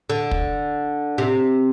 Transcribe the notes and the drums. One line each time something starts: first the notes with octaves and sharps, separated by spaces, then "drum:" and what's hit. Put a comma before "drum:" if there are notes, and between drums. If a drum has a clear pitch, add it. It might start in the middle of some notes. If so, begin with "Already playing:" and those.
D3
drum: kick
C3